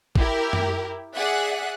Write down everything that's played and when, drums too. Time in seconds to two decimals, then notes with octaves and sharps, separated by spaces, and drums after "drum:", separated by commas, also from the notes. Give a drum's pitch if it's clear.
0.15 E4 G4 A#4, drum: kick A1
0.53 drum: tom F#2
1.16 G#4 D5 E5 F#5 F#6